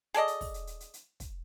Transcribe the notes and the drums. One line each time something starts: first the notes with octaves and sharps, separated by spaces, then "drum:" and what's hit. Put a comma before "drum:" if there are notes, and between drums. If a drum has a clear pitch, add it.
G#4 A4 D5 D#5, drum: hi-hat
drum: hi-hat
drum: kick, open hi-hat
drum: hi-hat
drum: hi-hat
drum: hi-hat
drum: hi-hat
drum: kick, hi-hat